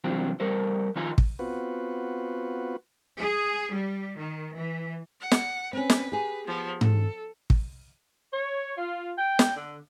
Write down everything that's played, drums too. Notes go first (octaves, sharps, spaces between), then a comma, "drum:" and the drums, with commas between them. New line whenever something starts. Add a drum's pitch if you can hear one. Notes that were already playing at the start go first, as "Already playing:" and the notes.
C2 E3 F#3 C4 D4 F4
G3 A4 A#4 C5
D#3 F3 D#4 F4 G#5
drum: kick
B3 C4 F4 F#4 B4
G#4
G3
D#3
E3
F#5
drum: snare
C4 C#4 B4
drum: snare
G4 G#4
F3 B3
A4, drum: tom G#2
drum: kick
C#5
F4
G5
drum: snare
D3